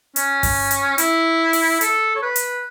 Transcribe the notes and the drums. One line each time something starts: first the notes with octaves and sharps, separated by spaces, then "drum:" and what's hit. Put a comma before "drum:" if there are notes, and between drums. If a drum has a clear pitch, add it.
C#4, drum: hi-hat
drum: kick G1, open hi-hat
drum: hi-hat
E4, drum: hi-hat
drum: open hi-hat
A4, drum: hi-hat
C#5
B4
drum: hi-hat